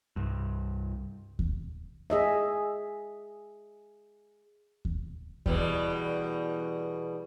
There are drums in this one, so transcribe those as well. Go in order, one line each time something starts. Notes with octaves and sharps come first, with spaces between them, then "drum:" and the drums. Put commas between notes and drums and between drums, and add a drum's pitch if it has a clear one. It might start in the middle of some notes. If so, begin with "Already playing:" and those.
C2 G2
drum: kick D#2
G#4 D#5 E5
drum: kick D#2
E2 B2 G3, drum: kick D#2